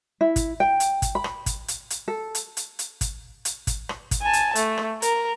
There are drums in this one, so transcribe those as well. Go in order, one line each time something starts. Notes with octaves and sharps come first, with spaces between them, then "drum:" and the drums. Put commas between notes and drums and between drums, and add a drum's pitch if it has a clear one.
E4
drum: kick, hi-hat
G5
drum: hi-hat
drum: kick, hi-hat
B5
drum: rim click
drum: kick, hi-hat
drum: hi-hat
drum: hi-hat
A4
drum: hi-hat
drum: hi-hat
drum: hi-hat
drum: kick, hi-hat
drum: hi-hat
drum: kick, hi-hat
drum: rim click
drum: kick, hi-hat
G#5 A5
drum: hi-hat
A3, drum: hi-hat
drum: rim click
A#4, drum: hi-hat